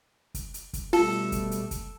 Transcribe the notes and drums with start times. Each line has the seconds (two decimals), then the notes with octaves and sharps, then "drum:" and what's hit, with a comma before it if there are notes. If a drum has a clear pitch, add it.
0.35 drum: kick, hi-hat
0.54 drum: hi-hat
0.74 drum: kick, hi-hat
0.93 B2 G3 A3 F4 A4, drum: open hi-hat
1.32 drum: kick, hi-hat
1.51 drum: hi-hat
1.71 drum: kick, hi-hat